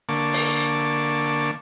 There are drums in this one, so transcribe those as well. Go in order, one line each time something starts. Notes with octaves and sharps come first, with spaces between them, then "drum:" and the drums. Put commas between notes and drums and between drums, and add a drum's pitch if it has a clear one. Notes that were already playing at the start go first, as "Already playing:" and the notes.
D3 A#3 A5 C#6 D6
drum: open hi-hat